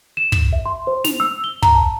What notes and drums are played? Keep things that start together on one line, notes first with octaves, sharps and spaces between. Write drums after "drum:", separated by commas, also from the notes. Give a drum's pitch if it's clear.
E7
drum: kick
E5
C6
C5
F7, drum: snare
E6
G7
A#5, drum: kick
A5